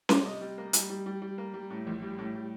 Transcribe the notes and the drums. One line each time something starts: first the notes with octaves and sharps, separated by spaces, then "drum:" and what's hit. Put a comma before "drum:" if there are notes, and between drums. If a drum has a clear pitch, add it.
G3 D5, drum: snare C#4
C3 D#5
G3
A#3
G3, drum: hi-hat
G3
G3
G3
A#3
G3
A2
A#1
G3
A2
G3